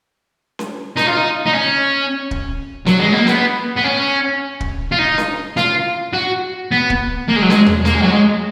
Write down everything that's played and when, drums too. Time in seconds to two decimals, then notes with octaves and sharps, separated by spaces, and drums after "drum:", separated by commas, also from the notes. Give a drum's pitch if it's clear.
0.59 drum: snare C#4
0.97 D#4, drum: snare C#4
1.07 F4
1.18 D#4
1.46 D#4
1.54 C#4
2.31 drum: kick
2.86 F#3, drum: snare C#4
2.99 G#3
3.12 A#3
3.27 B3, drum: snare C#4
3.77 B3
3.84 C#4
4.61 drum: kick
4.92 F4
4.99 D#4
5.18 drum: snare C#4
5.57 F4, drum: snare C#4
6.13 F#4
6.71 B3
6.90 drum: kick
7.28 A#3
7.36 G#3
7.42 F#3
7.50 G#3, drum: snare C#4
7.66 drum: tom E2
7.85 A#3, drum: snare C#4
7.95 G#3
8.02 F#3
8.11 G#3